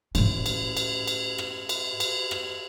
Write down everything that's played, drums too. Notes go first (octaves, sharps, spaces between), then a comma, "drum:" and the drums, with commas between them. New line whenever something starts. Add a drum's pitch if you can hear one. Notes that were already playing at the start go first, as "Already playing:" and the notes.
A2 C#4, drum: cymbal
drum: cymbal
drum: cymbal
drum: cymbal
drum: rim click
drum: cymbal
drum: cymbal
drum: rim click